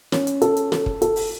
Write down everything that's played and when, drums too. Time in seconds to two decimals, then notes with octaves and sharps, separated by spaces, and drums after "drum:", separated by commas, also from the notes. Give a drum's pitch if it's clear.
0.12 C#4, drum: snare
0.27 drum: hi-hat
0.42 A4, drum: hi-hat
0.57 drum: hi-hat
0.72 A4, drum: snare
0.86 drum: kick
1.02 A4, drum: hi-hat
1.16 drum: open hi-hat